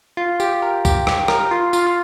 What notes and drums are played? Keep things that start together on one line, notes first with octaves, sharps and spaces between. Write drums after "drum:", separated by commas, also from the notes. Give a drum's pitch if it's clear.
F4
G4, drum: tambourine
G4
A#4
G4, drum: kick C2, tambourine
G4, drum: rim click
A#4, drum: rim click
F4
F4, drum: tambourine
F4